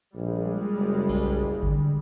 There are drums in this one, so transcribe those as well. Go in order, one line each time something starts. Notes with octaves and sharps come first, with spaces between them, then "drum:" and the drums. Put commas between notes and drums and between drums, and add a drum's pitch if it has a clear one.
A#1 G3 G#3
F#1
B1, drum: cymbal
D3, drum: kick G#1